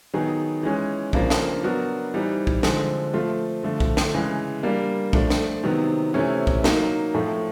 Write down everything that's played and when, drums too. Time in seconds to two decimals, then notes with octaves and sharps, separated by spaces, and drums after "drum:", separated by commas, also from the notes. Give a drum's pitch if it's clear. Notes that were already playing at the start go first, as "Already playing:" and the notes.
0.14 D#3 F#3 B3 D#4 G#4
0.63 E3 G#3 C#4
1.13 C#3 F3 A#3 D4, drum: kick
1.30 drum: snare
1.63 F#3 B3 D4 F#4 A#4
2.14 E3 G3 C4 D#4
2.47 drum: kick
2.63 D3 F3 G#3 C4, drum: snare
3.13 F3 A3 C4 F4
3.63 D3 F3 A3
3.80 drum: kick
3.97 drum: snare
4.14 C#3 E3 G#3
4.63 G3 A#3 D4
5.13 F3 A3 D4 F4, drum: kick
5.30 drum: snare
5.63 C3 D#3 F#3 B3
6.14 C3 E3 A3 C#4 E4
6.47 drum: kick
6.64 F#3 A#3 D#4, drum: snare
7.14 A2 F3 A3 C4